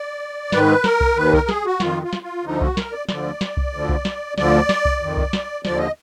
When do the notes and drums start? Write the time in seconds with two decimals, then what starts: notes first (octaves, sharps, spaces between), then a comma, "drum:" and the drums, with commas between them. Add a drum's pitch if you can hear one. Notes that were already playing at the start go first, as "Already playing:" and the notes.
Already playing: D5
0.52 G#2 D#3 B4, drum: snare
0.84 A#4, drum: snare
1.00 drum: kick C2
1.16 D#2 D#3 B4
1.33 A#4, drum: kick C2
1.49 G#4, drum: snare
1.65 F#4
1.80 F2 D#3 F4, drum: snare
2.03 F4
2.13 drum: snare
2.23 F4
2.44 D2 D3 F3 D#4
2.61 F#4, drum: kick C2
2.77 A#4, drum: snare
2.92 D5
3.09 D2 D3 F3 D5, drum: snare
3.41 drum: snare
3.57 drum: kick C2
3.74 D2 D3 F3
3.89 drum: kick C2
4.05 drum: snare
4.38 D2 D3 F3 D5, drum: snare
4.69 drum: snare
4.85 drum: kick C2
5.01 F2 D#3
5.17 drum: kick C2
5.33 drum: snare
5.65 D#2 D3 F3 D5, drum: snare
5.78 D#5